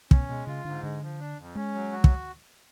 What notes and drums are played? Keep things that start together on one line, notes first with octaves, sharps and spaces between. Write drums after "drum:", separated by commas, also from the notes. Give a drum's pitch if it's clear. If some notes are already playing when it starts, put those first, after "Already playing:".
B2 C#4, drum: kick
B2 G#3
C#3 F4
G#2 D3
D3 G#3
F3
D4
F2
G#3 C#4
F#3
F#4
drum: kick